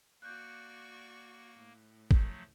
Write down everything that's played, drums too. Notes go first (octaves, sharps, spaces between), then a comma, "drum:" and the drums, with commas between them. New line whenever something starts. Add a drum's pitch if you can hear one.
A#3 F#4 D5 C#6 F#6 G6
A2
F3 F#3 A3, drum: kick G#1